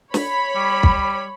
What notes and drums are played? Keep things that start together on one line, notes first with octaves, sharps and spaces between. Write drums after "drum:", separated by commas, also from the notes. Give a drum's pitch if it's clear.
C#5 B5, drum: snare
G3
drum: kick